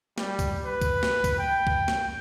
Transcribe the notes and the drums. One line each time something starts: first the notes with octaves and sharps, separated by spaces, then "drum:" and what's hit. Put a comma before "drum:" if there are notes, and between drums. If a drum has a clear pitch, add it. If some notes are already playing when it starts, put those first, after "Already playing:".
G3, drum: snare
drum: kick C2, tambourine
B4
drum: kick C2, tambourine
drum: snare
drum: kick C2, tambourine
G5
drum: kick C2
drum: snare